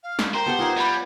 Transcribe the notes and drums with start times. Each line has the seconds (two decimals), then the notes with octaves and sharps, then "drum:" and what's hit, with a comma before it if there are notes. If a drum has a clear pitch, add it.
0.03 F5
0.19 drum: snare
0.34 A#4 C5 G5
0.46 B3 G4 A4 F#5
0.59 D#4 F4 A#4 F#5 G#5
0.77 G3 B4 B5